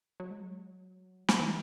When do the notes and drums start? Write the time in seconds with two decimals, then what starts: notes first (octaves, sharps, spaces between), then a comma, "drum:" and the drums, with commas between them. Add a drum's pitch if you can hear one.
0.20 F#3
0.31 G#3
0.43 F#3
1.29 F#3, drum: snare
1.39 E3